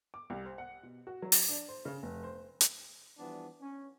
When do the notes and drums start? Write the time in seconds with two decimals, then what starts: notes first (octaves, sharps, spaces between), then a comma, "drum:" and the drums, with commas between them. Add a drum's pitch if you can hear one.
0.14 D6
0.30 C2
0.45 C5
0.58 F#5
0.83 B2
1.07 F#4
1.22 F#3
1.32 drum: open hi-hat
1.49 D4
1.68 C5
1.85 C#3
2.03 F1
2.23 C5
2.61 drum: hi-hat
3.18 E3 F3 G3 B3 D4
3.61 C#4